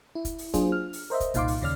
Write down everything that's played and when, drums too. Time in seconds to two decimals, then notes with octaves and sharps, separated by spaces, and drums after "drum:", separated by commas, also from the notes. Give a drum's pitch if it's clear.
0.15 E4
0.25 drum: kick, hi-hat
0.38 drum: open hi-hat
0.54 F#3 A#3 D4 F4 G#4 C5, drum: kick, hi-hat
0.72 F6
0.93 drum: open hi-hat
1.10 A#4 C5 D#5 E5
1.20 drum: kick, hi-hat
1.34 C2 A#2 D#4 F5 C6 D6, drum: kick, hi-hat
1.48 drum: open hi-hat
1.61 D#2 C#3 C#4 D5 F6